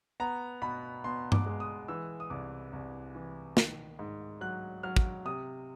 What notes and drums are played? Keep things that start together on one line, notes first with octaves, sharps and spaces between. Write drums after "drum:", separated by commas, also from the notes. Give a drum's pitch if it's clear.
B3 A#5
B2 B5
B2 C6
D6, drum: tom G2
G#3
D#6
E3 E6
D#6
C2 D6
C2
E3
D#3, drum: snare
G#2
F#3 F#6
F#3 F6
drum: kick
C3 D#6